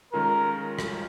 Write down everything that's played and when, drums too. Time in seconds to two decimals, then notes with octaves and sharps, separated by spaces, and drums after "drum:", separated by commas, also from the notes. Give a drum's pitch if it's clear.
0.13 D#3 G#3 C#4 F4 A4 A#4
0.79 drum: rim click